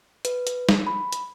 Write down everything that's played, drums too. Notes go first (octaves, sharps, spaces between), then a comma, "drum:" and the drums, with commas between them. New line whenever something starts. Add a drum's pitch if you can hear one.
B4, drum: hi-hat
drum: hi-hat
drum: snare
B5
drum: hi-hat